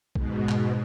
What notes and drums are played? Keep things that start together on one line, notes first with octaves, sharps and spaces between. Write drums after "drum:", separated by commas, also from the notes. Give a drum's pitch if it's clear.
G#2 B2, drum: kick
drum: clap